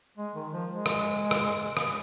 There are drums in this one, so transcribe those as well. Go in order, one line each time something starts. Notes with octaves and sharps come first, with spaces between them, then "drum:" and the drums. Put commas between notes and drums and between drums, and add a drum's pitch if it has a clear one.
G#3
D#3
F3
G#3
drum: rim click
drum: rim click
drum: rim click